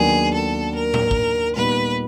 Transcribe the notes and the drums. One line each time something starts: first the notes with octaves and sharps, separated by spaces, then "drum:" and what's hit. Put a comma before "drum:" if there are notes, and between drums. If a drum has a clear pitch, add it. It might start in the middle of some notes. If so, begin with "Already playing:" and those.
Already playing: D#2 D#3 F#3 B3 D4 G#4
A4
A#4
drum: tom A2
drum: kick
A#2 G3 B3 D#4 B4